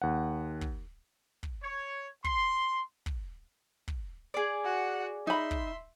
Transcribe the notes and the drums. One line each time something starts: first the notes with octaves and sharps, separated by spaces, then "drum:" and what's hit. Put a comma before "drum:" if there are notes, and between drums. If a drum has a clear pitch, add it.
D#2 F#5
drum: kick
drum: kick
C#5
C6, drum: kick
drum: kick
drum: kick
G#4 D5
F#4 F#5
D#4 E5 B5 C6
drum: kick